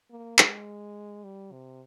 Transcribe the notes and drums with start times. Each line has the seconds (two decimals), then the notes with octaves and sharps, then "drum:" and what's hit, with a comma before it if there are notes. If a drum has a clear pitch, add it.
0.10 A#3
0.39 G#3, drum: clap
1.24 G3
1.52 C3